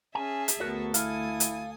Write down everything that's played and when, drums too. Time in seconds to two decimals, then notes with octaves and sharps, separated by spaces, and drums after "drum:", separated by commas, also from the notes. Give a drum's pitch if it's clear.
0.15 C#4 G#4 E5 G#5 A5
0.48 drum: hi-hat
0.60 D2 B3 F#4 A4 A#4 C#5
0.94 E4 F5 G#5 D#6, drum: hi-hat
1.40 drum: hi-hat